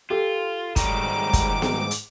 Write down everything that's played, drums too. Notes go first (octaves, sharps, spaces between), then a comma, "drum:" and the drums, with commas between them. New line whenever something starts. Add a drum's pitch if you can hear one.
F4 G4 A4
G#2 D#3 F#3 G3 A#5 D6, drum: kick, hi-hat
drum: kick, hi-hat
drum: snare B3
drum: hi-hat